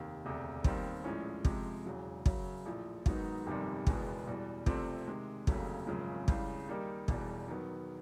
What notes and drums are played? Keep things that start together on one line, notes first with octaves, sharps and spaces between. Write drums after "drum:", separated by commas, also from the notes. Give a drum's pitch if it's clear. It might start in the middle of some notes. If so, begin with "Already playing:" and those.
Already playing: F1 D#2 D#3
E1 D2 C3
D#2 D#3 G3 C4, drum: kick
A#1 A2 F3 G#3 C#4
F2 C3 F3 G#3, drum: kick
E1 E2 C#3 F#3
F#2 C#3 F#3, drum: kick
A#1 A2 F3
G#2 D#3 F#3 B3 D#4, drum: kick
G1 F2 C3 D#3 G3
F#1 E2 B2 G#3 B3, drum: kick
E2 B2 G3
C2 C3 F3 A3 C4, drum: kick
C3 D#3 G#3
F1 D#2 C#3 F#3 A3, drum: kick
G#1 F#2 C#3 F3 G#3
C#2 C#3 E3 G3, drum: kick
D#3 G3 A#3 D#4 G4
E1 E2 B2 G3, drum: kick
D#3 F#3 B3